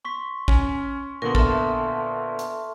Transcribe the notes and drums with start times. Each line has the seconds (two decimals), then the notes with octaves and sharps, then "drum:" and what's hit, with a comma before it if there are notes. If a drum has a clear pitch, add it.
0.05 C6 C#6 B6
0.48 C#4, drum: kick
1.22 A#2 D3 B3 A#4 C6 C#6
1.35 A4 E5 A5 C6 F6, drum: kick
2.39 drum: hi-hat